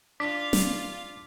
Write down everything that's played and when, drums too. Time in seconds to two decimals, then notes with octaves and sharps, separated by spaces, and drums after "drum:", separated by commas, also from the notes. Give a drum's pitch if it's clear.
0.20 D4 F4 F5 D6 B6
0.53 drum: snare